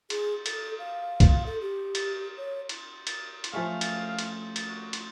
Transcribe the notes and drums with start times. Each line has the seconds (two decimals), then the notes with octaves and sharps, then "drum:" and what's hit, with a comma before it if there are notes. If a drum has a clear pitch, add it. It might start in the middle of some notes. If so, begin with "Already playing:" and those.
0.10 G#4, drum: cymbal
0.46 A4, drum: cymbal
0.79 F5
1.20 drum: kick, cymbal
1.46 A4
1.61 G4
1.95 drum: cymbal
2.37 C#5
2.69 drum: cymbal
3.07 drum: cymbal
3.44 drum: cymbal
3.53 F3 A3 C#4 F5
3.81 drum: cymbal
4.19 drum: cymbal
4.56 drum: cymbal
4.68 F#4
4.93 drum: cymbal